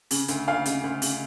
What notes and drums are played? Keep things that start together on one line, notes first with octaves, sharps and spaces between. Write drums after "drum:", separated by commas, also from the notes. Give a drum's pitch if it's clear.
C#3, drum: open hi-hat
D2, drum: hi-hat
D2 F5
C#3, drum: hi-hat
D2
C#3, drum: open hi-hat